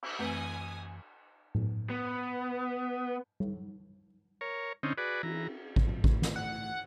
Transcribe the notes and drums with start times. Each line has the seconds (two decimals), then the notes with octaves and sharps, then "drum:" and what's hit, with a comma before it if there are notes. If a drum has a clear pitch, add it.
0.02 drum: cymbal
0.19 F#2 E3 A3 C4 B4 G#5 D#6
1.55 drum: tom A2
1.90 B3
3.40 drum: tom G3
4.41 A#4 C#5
4.83 D3 C4 C#4 D#4
4.98 F#4 G#4 B4 D5
5.23 E3 A#5, drum: cymbal
5.76 drum: kick A1
5.87 G#2 C3 F3
6.04 A2, drum: kick A1
6.22 drum: snare
6.36 F#5